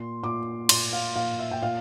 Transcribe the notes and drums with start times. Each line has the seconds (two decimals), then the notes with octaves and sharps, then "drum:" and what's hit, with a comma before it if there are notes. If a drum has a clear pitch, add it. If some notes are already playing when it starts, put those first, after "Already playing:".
Already playing: A#2 C6
0.23 A#2 D6
0.69 A#2 C6, drum: cymbal
0.93 F5
1.15 A#2 F5
1.39 E5
1.51 G5
1.62 A#2 F5